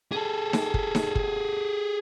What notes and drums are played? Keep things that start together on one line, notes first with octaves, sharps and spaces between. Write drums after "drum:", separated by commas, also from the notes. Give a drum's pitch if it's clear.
G#4 A4
drum: snare D#4
drum: kick
drum: snare D#4
drum: kick